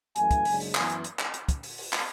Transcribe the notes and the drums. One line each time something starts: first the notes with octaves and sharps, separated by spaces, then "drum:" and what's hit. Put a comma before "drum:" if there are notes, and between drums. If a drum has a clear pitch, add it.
F#2 E3 A3 G#5, drum: hi-hat
drum: kick, hi-hat
F#1 F#2 C#3 G#3 D4, drum: open hi-hat
drum: open hi-hat
F#2 E3 B3 G#5, drum: clap
drum: hi-hat
drum: hi-hat
drum: clap
drum: hi-hat
drum: kick, hi-hat
drum: open hi-hat
drum: open hi-hat
drum: clap